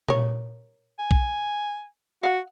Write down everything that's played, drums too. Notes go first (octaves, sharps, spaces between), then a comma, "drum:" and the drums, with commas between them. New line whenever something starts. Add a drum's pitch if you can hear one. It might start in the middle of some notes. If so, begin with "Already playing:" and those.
A#4 C#5, drum: tom A#2
G#5
drum: kick B1
F#4 F5 F#5